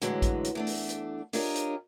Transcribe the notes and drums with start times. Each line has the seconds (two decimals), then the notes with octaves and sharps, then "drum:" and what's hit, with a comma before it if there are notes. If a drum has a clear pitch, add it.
0.02 A2 D3 E3 F#3 G#3, drum: hi-hat
0.22 drum: kick A1, hi-hat
0.44 drum: hi-hat
0.55 E2 A3 D4
0.67 drum: open hi-hat
0.89 drum: hi-hat
1.33 D4 F4 G4 A#4 C#5 D#5, drum: open hi-hat
1.55 drum: hi-hat